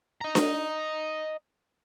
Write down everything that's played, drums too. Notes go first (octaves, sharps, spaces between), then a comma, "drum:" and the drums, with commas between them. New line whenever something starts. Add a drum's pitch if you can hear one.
D#5 A#5
drum: snare D4